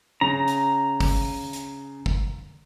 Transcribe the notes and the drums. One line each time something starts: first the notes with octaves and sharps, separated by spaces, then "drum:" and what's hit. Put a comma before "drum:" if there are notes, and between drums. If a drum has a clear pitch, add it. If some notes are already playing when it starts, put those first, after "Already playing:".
C#3 A#5
drum: hi-hat
drum: kick, open hi-hat
drum: hi-hat
drum: kick